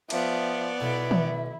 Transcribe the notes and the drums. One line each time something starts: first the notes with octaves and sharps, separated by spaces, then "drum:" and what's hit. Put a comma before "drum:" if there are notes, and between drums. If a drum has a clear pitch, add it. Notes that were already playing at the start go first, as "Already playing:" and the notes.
F3 B3 D5 E5, drum: cymbal
B1 E4 E5
drum: tom D#3